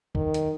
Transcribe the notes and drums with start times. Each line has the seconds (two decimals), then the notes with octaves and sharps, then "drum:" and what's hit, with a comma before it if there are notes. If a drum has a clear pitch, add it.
0.15 D#3, drum: kick
0.34 drum: hi-hat